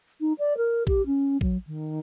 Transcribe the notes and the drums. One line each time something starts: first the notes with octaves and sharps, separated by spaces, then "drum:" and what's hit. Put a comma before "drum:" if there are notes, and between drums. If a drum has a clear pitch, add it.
D#4
D5
A#4
G4, drum: kick A#1
C#4
F#3, drum: kick A#1
D#3